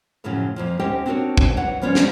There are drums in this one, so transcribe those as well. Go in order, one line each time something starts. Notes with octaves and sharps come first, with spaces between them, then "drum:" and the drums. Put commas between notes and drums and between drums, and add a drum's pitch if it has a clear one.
F#2 A2 C#3 F3 F#3 C#4
F2 A#2 F3
D2 C#4 G4 C5 D#5 G5
C4 D4 D#4 F#4 A#4 C#5
drum: kick
E3 F#3 C#5 F#5
F3 B3 C#4 F4 C#5 D5
drum: snare